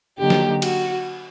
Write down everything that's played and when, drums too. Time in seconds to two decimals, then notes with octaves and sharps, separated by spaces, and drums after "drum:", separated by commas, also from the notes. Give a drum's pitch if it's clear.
0.18 D3 F#3 A#3 D#4 G4
0.30 drum: snare
0.62 F#4, drum: cymbal